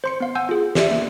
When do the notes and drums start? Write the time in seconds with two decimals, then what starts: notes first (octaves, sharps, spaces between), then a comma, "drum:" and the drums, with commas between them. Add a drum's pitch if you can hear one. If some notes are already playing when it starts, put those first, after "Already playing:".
0.04 C5 C6 C#7
0.20 B3 F5
0.35 F#5 G#5 E6 G6
0.49 F4 G#4
0.75 G4 D5 E5, drum: snare
0.91 A#3